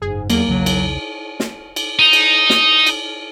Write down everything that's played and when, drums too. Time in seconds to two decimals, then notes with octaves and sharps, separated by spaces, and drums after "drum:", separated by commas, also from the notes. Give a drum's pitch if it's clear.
0.02 F#1 G#2 G#4
0.30 E2 F#3 A#3, drum: cymbal
0.48 B1 E2 C#3 F#3
0.66 drum: cymbal
1.40 drum: snare
1.76 drum: cymbal
1.99 D#4
2.13 drum: cymbal
2.50 drum: snare
2.87 drum: cymbal